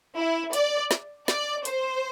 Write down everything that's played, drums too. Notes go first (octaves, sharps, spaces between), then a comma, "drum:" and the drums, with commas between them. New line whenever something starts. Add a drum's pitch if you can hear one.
E4
D5, drum: hi-hat
drum: snare
D5, drum: snare
C5, drum: hi-hat